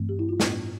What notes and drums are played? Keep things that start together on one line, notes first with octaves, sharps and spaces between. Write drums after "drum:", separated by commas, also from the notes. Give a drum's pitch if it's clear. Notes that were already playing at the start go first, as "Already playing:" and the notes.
Already playing: G2 E3 A3 C4
G4
E4
F4
A2 G3 B3 D4, drum: snare